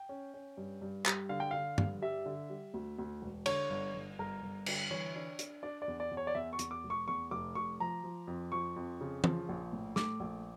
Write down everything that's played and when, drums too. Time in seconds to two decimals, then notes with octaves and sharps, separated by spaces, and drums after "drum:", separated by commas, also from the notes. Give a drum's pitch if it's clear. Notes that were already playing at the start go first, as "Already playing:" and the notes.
Already playing: G5
0.09 C#4
0.34 C#4
0.57 G2
0.81 G2
1.06 G3, drum: clap
1.29 D3 F5
1.40 G5
1.51 D3 F5
1.78 G2, drum: tom G2
2.02 G3 E5
2.26 D3
2.49 G3
2.74 D2
2.99 D2
3.22 E1
3.46 D3 C#5, drum: cymbal
3.70 G1
3.94 G1
4.19 G1 A#4
4.43 G1
4.66 D3, drum: cymbal
4.91 E3 C#5
5.15 D4
5.39 D4, drum: hi-hat
5.63 D4 D5
5.82 D5
5.88 E2
6.00 D5
6.11 E2
6.17 C#5
6.27 D5
6.35 E2 E5
6.53 C#6
6.59 E2, drum: hi-hat
6.71 D6
6.84 F1
6.90 C#6
7.08 E2 C#6
7.31 F1 D6
7.55 F1 C#6
7.80 F3 A#5
8.04 F3
8.27 F2
8.52 F3 C#6
8.76 F2
9.01 C#3
9.24 F3, drum: tom
9.49 A#1
9.73 A2
9.96 A3 D6, drum: snare
10.20 A#1